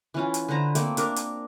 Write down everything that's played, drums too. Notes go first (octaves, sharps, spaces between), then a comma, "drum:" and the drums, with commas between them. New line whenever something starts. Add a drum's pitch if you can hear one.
E3 C#4 F4
drum: hi-hat
D3 B4 C5 A#5
A3 A#3 C4, drum: hi-hat
D4 A#4, drum: hi-hat
drum: hi-hat